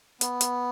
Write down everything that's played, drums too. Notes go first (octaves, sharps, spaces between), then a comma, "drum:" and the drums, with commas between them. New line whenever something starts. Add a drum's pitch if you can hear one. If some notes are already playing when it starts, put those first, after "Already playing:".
B3, drum: hi-hat
drum: hi-hat